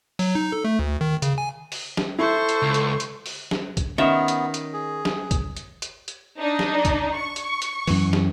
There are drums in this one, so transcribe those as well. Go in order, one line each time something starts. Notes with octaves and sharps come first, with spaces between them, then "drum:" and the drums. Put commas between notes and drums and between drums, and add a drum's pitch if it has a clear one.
F#3, drum: open hi-hat
D#4
A4
A3
D2
D#3
C#3, drum: hi-hat
G#5
drum: open hi-hat
drum: snare
E4 A4 C5 C#6
drum: hi-hat
C#2
drum: hi-hat
drum: hi-hat
drum: open hi-hat
drum: snare
drum: kick, hi-hat
D#3 B3 C#4 F#4 E5
drum: hi-hat
drum: hi-hat
G#4
drum: snare
drum: kick, hi-hat
drum: hi-hat
drum: hi-hat
drum: hi-hat
D4 D#4
drum: snare
drum: kick, hi-hat
C#6
drum: hi-hat
drum: hi-hat
F#2 E3, drum: open hi-hat
drum: snare